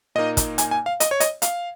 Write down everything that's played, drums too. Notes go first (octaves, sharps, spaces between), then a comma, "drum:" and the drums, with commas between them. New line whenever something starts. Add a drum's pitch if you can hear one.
A#2 A#3 D#4 D#5
drum: kick, hi-hat
G#5, drum: hi-hat
G#5
F5
D#5, drum: hi-hat
C#5
D#5, drum: hi-hat
F5, drum: hi-hat